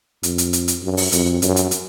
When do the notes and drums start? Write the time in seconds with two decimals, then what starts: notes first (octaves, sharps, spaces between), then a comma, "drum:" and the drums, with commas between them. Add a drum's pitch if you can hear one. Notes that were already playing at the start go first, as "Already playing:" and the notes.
0.23 F2, drum: hi-hat
0.38 drum: hi-hat
0.53 drum: hi-hat
0.68 drum: hi-hat
0.82 F#2
0.97 drum: open hi-hat
1.12 F2, drum: hi-hat
1.42 F#2, drum: hi-hat
1.56 drum: hi-hat
1.71 drum: hi-hat